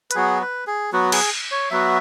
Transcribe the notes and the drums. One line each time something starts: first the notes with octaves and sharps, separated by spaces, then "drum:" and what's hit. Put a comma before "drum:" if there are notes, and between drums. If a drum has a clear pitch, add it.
B4, drum: hi-hat
F#3 B3 F#4 G#4
B4
G#4
F#3 B3 F#4
G#4, drum: cymbal
C#5
F#3 B3 F#4 E5